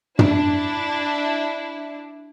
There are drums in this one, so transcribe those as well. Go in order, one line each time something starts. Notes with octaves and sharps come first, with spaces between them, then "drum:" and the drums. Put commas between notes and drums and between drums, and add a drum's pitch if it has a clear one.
D4 E4, drum: tom